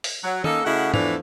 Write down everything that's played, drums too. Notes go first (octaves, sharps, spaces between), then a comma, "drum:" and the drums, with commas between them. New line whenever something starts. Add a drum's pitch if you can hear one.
drum: open hi-hat
F#3
A#3 C#4 D#4 A4, drum: tom
C#3 A3 E4 F#4 D#5 F#5
E2 E3 F3 A3 D4, drum: tom